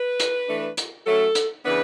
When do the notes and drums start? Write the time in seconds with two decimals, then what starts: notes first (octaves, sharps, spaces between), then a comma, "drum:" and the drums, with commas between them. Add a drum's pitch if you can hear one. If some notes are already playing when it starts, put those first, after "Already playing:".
Already playing: B4
0.20 drum: hi-hat
0.48 E3 A3 D4
0.77 drum: hi-hat
1.06 F#3 A3 C#4 A4
1.35 drum: hi-hat
1.63 C#3 E3 B3 D4 B4